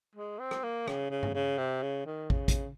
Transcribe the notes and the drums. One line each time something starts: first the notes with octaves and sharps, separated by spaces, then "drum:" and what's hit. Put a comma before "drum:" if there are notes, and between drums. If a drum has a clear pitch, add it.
G#3
C4
drum: rim click
A#3
C#3, drum: rim click
C#3
drum: tom G2
C#3
C3
C#3
D#3
C#3, drum: kick
drum: kick, hi-hat